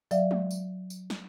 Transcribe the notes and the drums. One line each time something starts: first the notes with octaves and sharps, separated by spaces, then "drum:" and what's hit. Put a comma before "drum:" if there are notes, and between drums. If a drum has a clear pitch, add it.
F#3 D5 E5 F5, drum: tambourine
drum: tom G#3
drum: tambourine
drum: tambourine
drum: snare